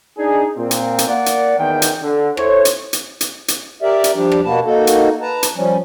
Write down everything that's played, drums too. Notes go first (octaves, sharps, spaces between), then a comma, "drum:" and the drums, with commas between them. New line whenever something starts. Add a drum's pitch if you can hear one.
D4 D#4 G#4
A#2 C4
drum: hi-hat
drum: hi-hat
A#3 D5 F#5
drum: hi-hat
E2 D#3 G5
drum: hi-hat
D3
E4 A4 C5 C#5, drum: rim click
drum: hi-hat
drum: hi-hat
drum: hi-hat
drum: hi-hat
G4 A#4 D5 E5
drum: hi-hat
F3 G3 D4 G4
drum: rim click
B2 A#3 F#4 B4 A5
A#3 D#4 F#4 A4
drum: hi-hat
B4 A5 A#5
drum: hi-hat
F3 G3 C#4